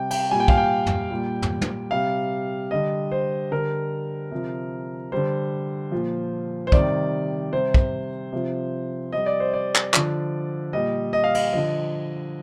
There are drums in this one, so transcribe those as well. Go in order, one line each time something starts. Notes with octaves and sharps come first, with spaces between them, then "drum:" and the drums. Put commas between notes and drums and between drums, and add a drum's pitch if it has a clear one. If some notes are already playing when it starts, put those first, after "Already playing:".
Already playing: C3 G3 G5
G5, drum: cymbal
A#2 G3 G#5
G5
F5, drum: kick
G5
drum: tom
A#2 G3
drum: tom
drum: tom
C3 G3 F5
D3 G3 D#5
C5
D3 G3 A#4
C3 F3
D3 G3 C5
A#2 F3
C5
C3 D#3 G3 D5, drum: kick
C3 G3 C5
drum: kick
C3 F3
C3 G3 D#5
D5
C5
D5
drum: clap
D3 F3, drum: clap
A#2 G3 D#5
D#5
F5
D#5, drum: cymbal
D3 F3 D#5